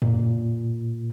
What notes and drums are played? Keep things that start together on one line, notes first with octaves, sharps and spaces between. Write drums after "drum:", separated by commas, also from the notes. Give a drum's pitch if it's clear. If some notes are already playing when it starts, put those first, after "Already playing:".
A#2, drum: tom F2